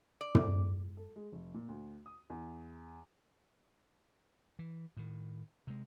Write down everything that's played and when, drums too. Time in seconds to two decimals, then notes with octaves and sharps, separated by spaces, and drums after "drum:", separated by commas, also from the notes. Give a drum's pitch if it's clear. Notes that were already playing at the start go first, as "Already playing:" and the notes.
0.21 D5
0.35 drum: tom
0.97 A4
1.16 G#3
1.32 F1
1.54 A#2
1.68 D2
2.06 D#6
2.30 E2
4.59 E3
4.97 A2 D#3
5.67 C3 G#3